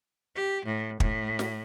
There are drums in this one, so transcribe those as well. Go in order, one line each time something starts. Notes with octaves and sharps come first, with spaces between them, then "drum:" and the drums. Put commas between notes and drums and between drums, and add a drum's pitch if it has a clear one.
G4
A2
A2, drum: kick
drum: snare